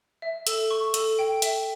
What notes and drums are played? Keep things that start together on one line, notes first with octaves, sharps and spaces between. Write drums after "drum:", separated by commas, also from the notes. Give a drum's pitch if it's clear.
E5
A4, drum: hi-hat
C#6
A4, drum: hi-hat
G5
E5, drum: hi-hat